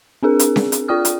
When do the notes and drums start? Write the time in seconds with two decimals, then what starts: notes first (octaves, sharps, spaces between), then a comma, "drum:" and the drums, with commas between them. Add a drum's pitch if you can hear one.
0.23 C4 D4 G#4 A#4
0.39 drum: hi-hat
0.56 drum: snare C#4
0.72 drum: hi-hat
0.88 F4 D5 G5 D#6 F6
1.05 drum: hi-hat